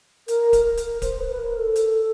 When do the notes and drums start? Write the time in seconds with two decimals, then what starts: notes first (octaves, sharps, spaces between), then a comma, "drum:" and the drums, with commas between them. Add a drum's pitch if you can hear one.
0.28 A#4, drum: hi-hat
0.53 drum: kick D1, hi-hat
0.65 A#4
0.77 drum: hi-hat
1.02 C5, drum: kick D1, hi-hat
1.20 B4
1.30 B4
1.39 A#4
1.57 A4
1.76 drum: hi-hat